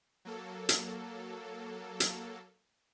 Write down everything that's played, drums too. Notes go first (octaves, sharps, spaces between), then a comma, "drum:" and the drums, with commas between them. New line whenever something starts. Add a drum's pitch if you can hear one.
F#3 A#3 A4
drum: hi-hat
drum: hi-hat